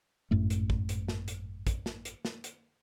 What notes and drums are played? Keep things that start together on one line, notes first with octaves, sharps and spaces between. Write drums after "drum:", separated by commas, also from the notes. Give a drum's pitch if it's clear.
G#1 F#2 A2 A3
drum: hi-hat
drum: kick
drum: hi-hat
drum: snare
drum: hi-hat
drum: kick, hi-hat
drum: snare
drum: hi-hat
drum: snare
drum: hi-hat